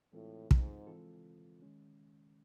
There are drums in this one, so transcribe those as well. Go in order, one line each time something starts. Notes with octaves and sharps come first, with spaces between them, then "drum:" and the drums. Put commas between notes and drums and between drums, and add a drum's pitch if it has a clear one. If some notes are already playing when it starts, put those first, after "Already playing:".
A2 E3 G#3 C4 F4 A4
G#2, drum: kick
E3 G#3 C4 F4 A4
D#3 G#3 C#4